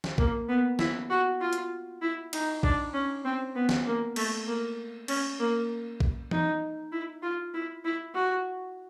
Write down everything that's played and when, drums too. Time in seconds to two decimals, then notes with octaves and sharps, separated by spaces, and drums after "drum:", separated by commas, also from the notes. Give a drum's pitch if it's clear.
0.04 drum: snare
0.18 A#3, drum: kick A#1
0.49 B3
0.79 E4, drum: snare
1.10 F#4
1.40 F4
1.53 drum: hi-hat
2.02 E4
2.33 D#4, drum: cymbal
2.63 D4, drum: kick A#1
2.94 C#4
3.25 C4
3.55 B3
3.69 drum: snare
3.86 A#3
4.16 A3, drum: cymbal
4.47 A#3
5.08 C#4, drum: cymbal
5.40 A#3
6.00 drum: kick A#1
6.31 D#4, drum: tom E3
6.92 E4
7.23 F4
7.54 E4
7.85 E4
8.14 F#4